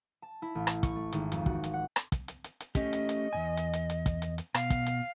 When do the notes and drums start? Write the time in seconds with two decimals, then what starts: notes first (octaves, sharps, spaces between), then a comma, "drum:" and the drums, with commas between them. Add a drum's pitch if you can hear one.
0.22 A5
0.42 E4
0.55 A1
0.67 drum: rim click
0.83 C#6, drum: kick, hi-hat
0.96 A3
1.13 G#1, drum: hi-hat
1.32 F2, drum: hi-hat
1.46 F#4, drum: kick
1.64 drum: hi-hat
1.74 F#5
1.96 drum: rim click
2.12 drum: kick, hi-hat
2.28 drum: hi-hat
2.44 drum: hi-hat
2.60 drum: hi-hat
2.75 A3 C#4 G4 D#5, drum: kick, hi-hat
2.93 drum: hi-hat
3.09 drum: hi-hat
3.33 E2 G#2 G#5
3.57 drum: hi-hat
3.73 drum: hi-hat
3.90 drum: hi-hat
4.06 drum: kick, hi-hat
4.22 drum: hi-hat
4.38 drum: hi-hat
4.54 B2 F5, drum: rim click
4.70 drum: kick, hi-hat
4.86 drum: hi-hat